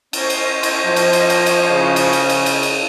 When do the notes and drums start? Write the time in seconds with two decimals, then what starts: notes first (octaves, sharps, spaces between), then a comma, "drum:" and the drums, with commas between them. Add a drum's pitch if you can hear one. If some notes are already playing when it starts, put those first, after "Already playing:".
0.13 C#4 C5 D#5, drum: cymbal
0.30 drum: cymbal
0.63 drum: cymbal
0.86 F3
0.96 drum: cymbal
1.13 drum: cymbal
1.30 drum: cymbal
1.46 drum: cymbal
1.69 C#3
1.96 drum: cymbal
2.13 drum: cymbal
2.29 drum: cymbal
2.46 drum: cymbal
2.63 drum: cymbal